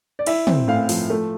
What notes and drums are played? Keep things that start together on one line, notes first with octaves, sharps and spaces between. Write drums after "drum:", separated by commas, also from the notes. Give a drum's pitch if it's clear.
D5
E4 E5, drum: cymbal
C4, drum: tom
A2 F5
F3, drum: open hi-hat
A3